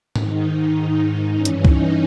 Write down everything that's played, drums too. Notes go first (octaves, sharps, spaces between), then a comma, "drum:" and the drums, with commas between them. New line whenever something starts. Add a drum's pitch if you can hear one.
G#2 D#3 D#4, drum: tom G#2
G2 E3 C#4
drum: hi-hat
D#4, drum: kick C2